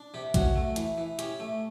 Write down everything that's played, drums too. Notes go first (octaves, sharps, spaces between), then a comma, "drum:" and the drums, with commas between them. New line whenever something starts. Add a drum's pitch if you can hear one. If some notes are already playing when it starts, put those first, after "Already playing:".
Already playing: D4
C3 G4
C#4 F#4, drum: kick, hi-hat
A3
E3, drum: hi-hat
E3
C#4 G4, drum: hi-hat
A3